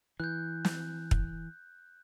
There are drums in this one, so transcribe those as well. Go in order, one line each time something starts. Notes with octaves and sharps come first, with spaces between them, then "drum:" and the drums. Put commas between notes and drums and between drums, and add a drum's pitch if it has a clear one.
E3 F#6 G6
drum: snare
drum: kick